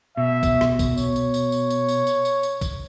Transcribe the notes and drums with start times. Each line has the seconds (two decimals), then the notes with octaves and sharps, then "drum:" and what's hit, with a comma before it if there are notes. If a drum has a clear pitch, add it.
0.17 B2 E5
0.43 drum: kick, tambourine
0.61 drum: rim click
0.79 drum: kick, tambourine
0.98 C#5, drum: tambourine
1.16 drum: tambourine
1.34 drum: tambourine
1.52 drum: tambourine
1.70 drum: tambourine
1.89 drum: tambourine
2.07 drum: tambourine
2.25 drum: tambourine
2.43 drum: tambourine
2.61 drum: kick, tambourine